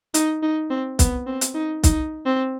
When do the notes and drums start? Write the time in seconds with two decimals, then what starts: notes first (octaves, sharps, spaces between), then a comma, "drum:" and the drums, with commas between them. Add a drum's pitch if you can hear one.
0.14 D#4, drum: hi-hat
0.43 D#4
0.70 C4
0.99 B3, drum: kick, hi-hat
1.27 C4
1.41 drum: hi-hat
1.55 D#4
1.83 D#4, drum: kick, hi-hat
2.26 C4